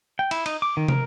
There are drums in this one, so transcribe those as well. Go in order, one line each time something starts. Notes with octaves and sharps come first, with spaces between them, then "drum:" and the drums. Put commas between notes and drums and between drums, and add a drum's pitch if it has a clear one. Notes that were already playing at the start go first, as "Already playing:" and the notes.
G5
E4, drum: cymbal
D#4, drum: cymbal
D6
D#3
A#4, drum: tom